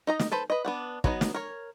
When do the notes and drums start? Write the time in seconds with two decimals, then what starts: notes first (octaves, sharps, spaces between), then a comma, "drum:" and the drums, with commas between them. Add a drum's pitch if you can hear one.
0.07 D#4 D#5 A#5
0.19 drum: snare
0.32 A4 B4 C5
0.50 B4 D#5
0.65 B3 D4 F#5
1.04 F#3 B3 D#4, drum: kick
1.21 drum: snare
1.34 A#4 C#5